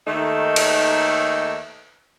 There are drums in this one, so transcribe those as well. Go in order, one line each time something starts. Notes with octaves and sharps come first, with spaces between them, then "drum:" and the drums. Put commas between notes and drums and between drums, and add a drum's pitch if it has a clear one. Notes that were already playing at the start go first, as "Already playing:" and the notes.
D#2 D#3 A3 D#4 A4
drum: cymbal